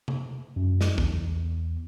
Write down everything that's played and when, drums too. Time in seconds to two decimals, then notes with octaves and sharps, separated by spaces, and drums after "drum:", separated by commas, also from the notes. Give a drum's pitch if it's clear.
0.08 drum: tom C3
0.56 F#2
0.81 drum: snare
0.98 E2, drum: kick A#1